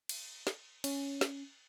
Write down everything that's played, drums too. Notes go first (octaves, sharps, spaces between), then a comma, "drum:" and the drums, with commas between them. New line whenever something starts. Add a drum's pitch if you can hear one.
drum: cymbal
drum: snare
C#4, drum: cymbal
drum: snare